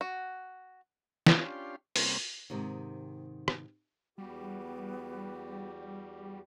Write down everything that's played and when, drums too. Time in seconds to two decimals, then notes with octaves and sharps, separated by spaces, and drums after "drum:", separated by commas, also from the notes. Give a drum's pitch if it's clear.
0.01 F#4
1.27 C#4 D4 F4 G4 C6, drum: snare
1.96 C3 G3 A#3 C4 C#4, drum: open hi-hat
2.50 G#2 C3 D#3
3.48 drum: rim click
4.18 E2 G3 B3 F#4 G4